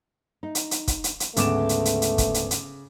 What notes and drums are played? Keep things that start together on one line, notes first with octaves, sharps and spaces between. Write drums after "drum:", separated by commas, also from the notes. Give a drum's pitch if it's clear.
D#4
drum: hi-hat
drum: hi-hat
drum: kick, hi-hat
drum: hi-hat
drum: hi-hat
D2 G#2 C#3 A3 B3 D6 E7, drum: hi-hat
drum: hi-hat
drum: hi-hat
drum: hi-hat
drum: kick, hi-hat
drum: hi-hat
drum: hi-hat